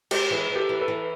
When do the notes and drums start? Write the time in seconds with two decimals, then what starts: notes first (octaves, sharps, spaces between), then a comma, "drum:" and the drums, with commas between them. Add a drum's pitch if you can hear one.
0.11 G#3 G4, drum: cymbal
0.31 E3 G#4
0.50 E3
0.56 G4 A4
0.69 E3
0.81 A4 B4
0.88 E3